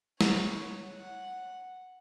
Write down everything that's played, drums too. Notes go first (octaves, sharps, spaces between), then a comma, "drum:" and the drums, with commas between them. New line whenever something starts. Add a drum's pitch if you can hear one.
C#5, drum: snare
F#5